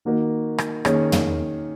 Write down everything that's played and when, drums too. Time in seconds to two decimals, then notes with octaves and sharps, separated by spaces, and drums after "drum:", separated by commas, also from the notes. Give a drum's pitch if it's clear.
0.05 D#3 A#3 D#4 F#4 A#4
0.58 drum: rim click
0.85 D#3 A#3 C#4 G#4 C#5, drum: rim click
1.12 drum: tom